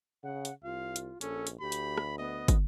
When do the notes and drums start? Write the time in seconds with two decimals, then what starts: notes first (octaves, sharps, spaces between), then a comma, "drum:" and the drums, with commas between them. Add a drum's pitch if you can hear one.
0.24 C#3 F#5
0.45 drum: hi-hat
0.64 C2 F4 F5
0.96 drum: hi-hat
1.21 A#1 C#4 A4, drum: hi-hat
1.47 drum: hi-hat
1.60 D2 G4 B5
1.72 drum: hi-hat
1.98 drum: rim click
2.18 B3 D#5
2.48 drum: kick, hi-hat